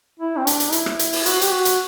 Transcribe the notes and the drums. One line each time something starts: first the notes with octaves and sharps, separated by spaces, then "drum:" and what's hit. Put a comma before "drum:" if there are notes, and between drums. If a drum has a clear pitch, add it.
E4
C4
D4, drum: hi-hat
drum: hi-hat
E4, drum: hi-hat
drum: rim click
drum: hi-hat
drum: open hi-hat
F#4, drum: hi-hat
G4, drum: hi-hat
F#4
drum: hi-hat